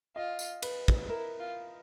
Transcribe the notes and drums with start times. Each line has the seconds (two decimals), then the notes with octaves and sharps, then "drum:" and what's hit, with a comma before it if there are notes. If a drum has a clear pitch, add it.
0.16 F4 D#5
0.39 drum: tambourine
0.62 B4, drum: cymbal
0.88 drum: kick
1.09 E4 A#4
1.40 F4